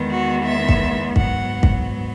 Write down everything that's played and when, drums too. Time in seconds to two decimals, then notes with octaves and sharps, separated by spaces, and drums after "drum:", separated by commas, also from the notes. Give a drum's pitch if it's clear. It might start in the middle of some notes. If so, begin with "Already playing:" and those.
Already playing: E2 D#3 G#3 B3
0.10 F#4
0.45 E5
0.69 drum: kick
1.16 G#2 F#3 B3 F#5, drum: kick
1.63 drum: kick